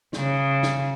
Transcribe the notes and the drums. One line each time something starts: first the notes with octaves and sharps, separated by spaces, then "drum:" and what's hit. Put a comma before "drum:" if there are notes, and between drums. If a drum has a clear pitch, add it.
C#3, drum: snare
drum: snare